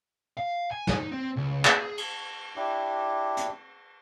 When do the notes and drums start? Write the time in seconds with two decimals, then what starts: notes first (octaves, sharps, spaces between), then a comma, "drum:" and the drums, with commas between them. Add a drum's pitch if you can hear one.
0.37 F5
0.71 G#5
0.87 drum: snare
0.98 D#4
1.12 C4
1.36 C#2
1.65 G#4, drum: clap
1.98 drum: cymbal
2.56 D4 E4 G4
3.37 drum: hi-hat